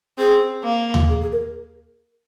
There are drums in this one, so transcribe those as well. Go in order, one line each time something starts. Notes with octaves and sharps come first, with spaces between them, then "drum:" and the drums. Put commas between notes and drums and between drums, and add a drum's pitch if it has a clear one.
C4 G#4
A#3
drum: tom D#2
G#4
G#4
A#4